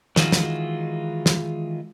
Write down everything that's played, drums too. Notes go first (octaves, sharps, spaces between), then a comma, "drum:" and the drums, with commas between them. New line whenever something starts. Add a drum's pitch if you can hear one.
D#3 E3 G#3 F4 F#4 G#4, drum: snare
drum: snare
drum: snare